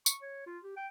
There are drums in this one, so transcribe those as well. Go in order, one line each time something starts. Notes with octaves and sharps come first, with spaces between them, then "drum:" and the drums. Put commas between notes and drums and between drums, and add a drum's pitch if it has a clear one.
C#6, drum: tambourine
C#5
F4
G4
G5